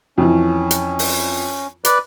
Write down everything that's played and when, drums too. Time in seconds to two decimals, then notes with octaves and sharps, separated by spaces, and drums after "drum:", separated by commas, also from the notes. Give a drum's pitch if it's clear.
0.18 F2 E3 C#4
0.71 drum: hi-hat
0.99 drum: open hi-hat
1.85 B4 D5, drum: hi-hat